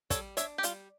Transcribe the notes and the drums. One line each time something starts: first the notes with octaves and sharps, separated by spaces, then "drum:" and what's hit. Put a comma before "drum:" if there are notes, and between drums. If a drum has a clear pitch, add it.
G3 A4 C#5, drum: kick, hi-hat
D4 C#5 E5, drum: hi-hat
G4
G3 F4, drum: hi-hat